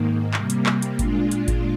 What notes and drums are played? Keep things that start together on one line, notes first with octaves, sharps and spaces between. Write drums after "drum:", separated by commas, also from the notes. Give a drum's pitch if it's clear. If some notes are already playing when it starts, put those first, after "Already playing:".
Already playing: G#2 D#3 A#3
C3 G3 A#3, drum: clap
drum: hi-hat
drum: clap
drum: hi-hat
A#2 G#3 D4 F4, drum: kick G#1, hi-hat
drum: hi-hat
drum: kick G#1, hi-hat